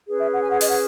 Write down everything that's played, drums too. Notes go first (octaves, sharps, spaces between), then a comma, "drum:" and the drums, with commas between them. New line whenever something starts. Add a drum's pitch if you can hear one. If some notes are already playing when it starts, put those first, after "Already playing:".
C#4 G#4 B4
E5
F#5
G#5
F#5
D#5, drum: open hi-hat
F#5